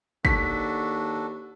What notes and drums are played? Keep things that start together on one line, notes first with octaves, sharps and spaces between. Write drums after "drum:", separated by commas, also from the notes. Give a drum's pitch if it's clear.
D#2 D4 F#4 A4 B6, drum: kick